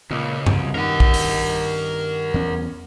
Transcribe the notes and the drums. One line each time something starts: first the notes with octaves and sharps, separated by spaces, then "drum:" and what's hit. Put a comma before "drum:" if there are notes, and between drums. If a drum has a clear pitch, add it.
C#2 A#2
C2 F#2 C#3, drum: tom G2
G2 D#3 A#4 F#5
drum: kick
drum: open hi-hat
E2 C#4